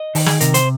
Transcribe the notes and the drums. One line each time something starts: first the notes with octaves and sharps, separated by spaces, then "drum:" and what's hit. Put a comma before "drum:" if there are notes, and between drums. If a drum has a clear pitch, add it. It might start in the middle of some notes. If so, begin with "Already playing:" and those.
Already playing: D#5
D#3, drum: open hi-hat
G#4, drum: snare
C3 A#4, drum: hi-hat
C5, drum: hi-hat